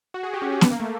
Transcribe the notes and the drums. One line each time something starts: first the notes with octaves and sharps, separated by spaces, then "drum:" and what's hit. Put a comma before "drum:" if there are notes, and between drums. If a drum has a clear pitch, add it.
F#4
G#4
G4
C#4
C#4
B3, drum: snare B3
A#3
A3